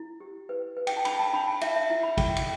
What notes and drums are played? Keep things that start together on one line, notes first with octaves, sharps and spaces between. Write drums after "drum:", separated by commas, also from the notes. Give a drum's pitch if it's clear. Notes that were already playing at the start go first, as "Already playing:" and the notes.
Already playing: E4
G4
B4
B4
G5, drum: cymbal
A5
D4 B5, drum: cymbal
A5
D4 B5
A5
E4 E5, drum: cymbal
E5
E4
B5
A4 G5, drum: kick G#1, cymbal
drum: cymbal